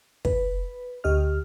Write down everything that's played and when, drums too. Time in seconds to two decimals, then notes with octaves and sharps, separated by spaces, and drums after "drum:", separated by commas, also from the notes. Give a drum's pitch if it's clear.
0.25 B4, drum: kick
1.04 D2 G4 D#5 F6